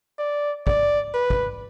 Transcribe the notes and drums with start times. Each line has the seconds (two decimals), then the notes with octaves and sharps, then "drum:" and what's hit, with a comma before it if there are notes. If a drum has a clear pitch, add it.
0.19 D5
0.67 D5, drum: kick
1.14 B4
1.30 drum: kick